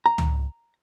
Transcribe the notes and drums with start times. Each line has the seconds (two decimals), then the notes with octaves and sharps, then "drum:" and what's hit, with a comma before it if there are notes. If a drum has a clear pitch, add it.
0.06 A#5
0.18 drum: tom C#2